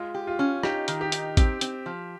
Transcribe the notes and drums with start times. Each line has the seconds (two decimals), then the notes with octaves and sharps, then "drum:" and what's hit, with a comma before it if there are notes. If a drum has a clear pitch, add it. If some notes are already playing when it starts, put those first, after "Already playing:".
Already playing: G#3 F4
0.14 G4
0.27 F4
0.39 C#4
0.63 D#4 G4, drum: rim click
0.88 D#3, drum: hi-hat
1.01 G4
1.12 D#4, drum: hi-hat
1.37 C4 G4, drum: kick, hi-hat
1.61 C4, drum: hi-hat
1.86 F3